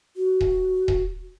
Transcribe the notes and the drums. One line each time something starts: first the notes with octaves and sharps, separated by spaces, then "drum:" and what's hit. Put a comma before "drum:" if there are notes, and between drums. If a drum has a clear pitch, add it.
F#4
drum: kick D#1
drum: kick D#1